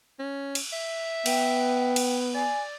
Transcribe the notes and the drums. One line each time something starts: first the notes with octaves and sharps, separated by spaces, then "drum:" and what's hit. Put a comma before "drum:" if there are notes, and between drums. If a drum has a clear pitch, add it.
C#4
drum: cymbal
E5
B3 G5, drum: cymbal
drum: cymbal
D5 G#5